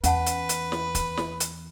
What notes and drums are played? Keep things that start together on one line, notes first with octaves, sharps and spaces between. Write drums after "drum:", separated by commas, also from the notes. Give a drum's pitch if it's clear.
E2 C#4 B4 F#5 A5, drum: hi-hat
drum: hi-hat
drum: hi-hat
drum: snare
drum: kick, hi-hat
drum: snare
drum: hi-hat